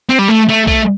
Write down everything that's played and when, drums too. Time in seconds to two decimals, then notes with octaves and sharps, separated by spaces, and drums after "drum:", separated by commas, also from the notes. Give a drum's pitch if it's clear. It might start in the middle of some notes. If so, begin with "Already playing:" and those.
0.09 C4
0.19 G3
0.28 A3
0.48 A3
0.67 A3, drum: kick B1